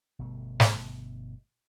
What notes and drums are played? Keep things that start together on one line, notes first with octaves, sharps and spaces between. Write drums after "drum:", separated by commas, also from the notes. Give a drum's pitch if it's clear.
G1 B2 A3
drum: snare